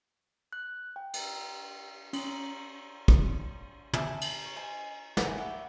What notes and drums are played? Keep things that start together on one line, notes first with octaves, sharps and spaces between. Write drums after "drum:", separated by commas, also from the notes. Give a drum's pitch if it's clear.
F#6
G5
drum: cymbal
C#4, drum: cymbal
drum: kick
E5 G#5 A5, drum: tom
drum: cymbal
C#5
C5 D#5 G#5 C6
F#4 G#4 C5 E5, drum: snare
E4 F#4 G4 F#5